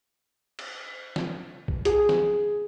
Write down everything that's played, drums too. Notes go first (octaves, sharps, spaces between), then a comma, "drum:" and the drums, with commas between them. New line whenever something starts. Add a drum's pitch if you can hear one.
drum: cymbal
drum: snare
drum: kick A#1
G#4, drum: hi-hat
drum: snare